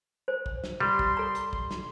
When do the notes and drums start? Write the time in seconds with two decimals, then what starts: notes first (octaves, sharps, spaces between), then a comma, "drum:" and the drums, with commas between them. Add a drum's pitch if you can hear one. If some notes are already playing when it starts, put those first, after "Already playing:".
0.28 C5
0.46 drum: kick
0.64 drum: snare
0.80 G3 G4 C6, drum: tom C3
0.99 drum: kick
1.17 A4 A#5
1.35 drum: hi-hat
1.53 drum: kick
1.71 drum: snare